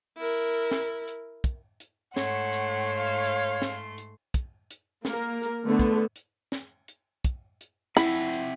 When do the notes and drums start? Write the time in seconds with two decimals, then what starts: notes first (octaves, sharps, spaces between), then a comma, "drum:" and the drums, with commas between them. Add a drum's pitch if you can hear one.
0.18 E4 A#4
0.71 drum: snare
1.08 drum: hi-hat
1.44 drum: kick, hi-hat
1.80 drum: hi-hat
2.17 G#2 A3 C#5 F#5 C6, drum: snare
2.53 drum: hi-hat
2.97 F5
3.25 drum: hi-hat
3.62 drum: snare
3.98 drum: hi-hat
4.34 drum: kick, hi-hat
4.71 drum: hi-hat
5.05 A#3 A#4, drum: snare
5.43 drum: hi-hat
5.65 D3 A3 B3
5.79 drum: kick, hi-hat
6.16 drum: hi-hat
6.52 drum: snare
6.88 drum: hi-hat
7.25 drum: kick, hi-hat
7.61 drum: hi-hat
7.97 C4 E4 E5 F#5 B5, drum: snare
8.33 drum: hi-hat